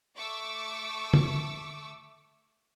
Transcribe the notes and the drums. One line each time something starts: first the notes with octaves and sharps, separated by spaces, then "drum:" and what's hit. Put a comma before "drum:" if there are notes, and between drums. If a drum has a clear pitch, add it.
A3 C#6 D6 E6
drum: tom